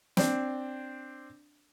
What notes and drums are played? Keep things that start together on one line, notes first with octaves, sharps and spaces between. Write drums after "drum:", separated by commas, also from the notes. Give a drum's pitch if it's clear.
C4 D4, drum: snare